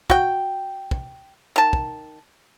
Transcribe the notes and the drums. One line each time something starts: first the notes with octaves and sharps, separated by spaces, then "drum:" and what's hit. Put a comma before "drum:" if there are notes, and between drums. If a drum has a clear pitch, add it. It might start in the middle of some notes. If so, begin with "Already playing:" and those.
F#4 G5, drum: kick
drum: kick
D#3 A5
drum: kick